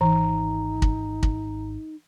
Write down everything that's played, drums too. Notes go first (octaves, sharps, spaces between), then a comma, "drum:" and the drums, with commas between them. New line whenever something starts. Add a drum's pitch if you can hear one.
G#1 E3 D#4 A#5
drum: kick
drum: kick